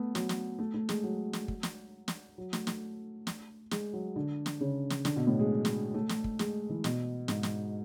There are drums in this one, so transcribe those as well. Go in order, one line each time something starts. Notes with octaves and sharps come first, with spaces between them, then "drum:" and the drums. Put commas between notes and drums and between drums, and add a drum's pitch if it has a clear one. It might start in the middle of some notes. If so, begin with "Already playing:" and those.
Already playing: A3 B3
F#3, drum: snare
drum: snare
A3
A3
G#3, drum: snare
F#3
drum: snare
drum: kick
drum: snare
drum: snare
F#3
A3, drum: snare
A3, drum: snare
drum: snare
G#3, drum: snare
F#3
D3
drum: snare
C#3
drum: snare
D3, drum: snare
B2
A2
G#3
drum: snare
A3
drum: snare
drum: kick
G#3, drum: snare
E3
B2, drum: snare
G#2, drum: snare
drum: snare